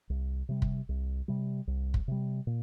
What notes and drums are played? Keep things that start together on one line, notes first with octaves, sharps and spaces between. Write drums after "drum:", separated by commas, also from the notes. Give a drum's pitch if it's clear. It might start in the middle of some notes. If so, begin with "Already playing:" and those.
C2
C3 G3
drum: kick
C2
C3 G3
C2
drum: kick
C3 G3
A#2